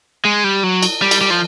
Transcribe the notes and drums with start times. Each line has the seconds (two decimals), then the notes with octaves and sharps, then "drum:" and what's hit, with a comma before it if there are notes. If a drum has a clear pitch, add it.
0.25 G#3
0.44 G3
0.63 F#3
0.83 drum: cymbal
1.02 G3
1.11 drum: cymbal
1.21 G3
1.30 F3